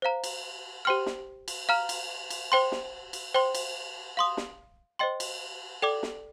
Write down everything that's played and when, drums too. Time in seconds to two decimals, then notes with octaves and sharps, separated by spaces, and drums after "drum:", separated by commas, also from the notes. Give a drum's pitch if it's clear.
0.02 C5 F5 A#5
0.24 drum: cymbal
0.85 G4 C5 G5 C6 F6
1.06 drum: snare
1.48 drum: cymbal
1.69 F5 A#5 F6
1.89 drum: cymbal
2.30 drum: cymbal
2.52 C5 G5 C6
2.72 drum: snare
3.13 drum: cymbal
3.34 C5 G5 C6
3.55 drum: cymbal
4.17 F5 C6 D#6
4.37 drum: snare
4.99 C5 D#5 G5 C6
5.20 drum: cymbal
5.82 A4 D5 G5 D6
6.03 drum: snare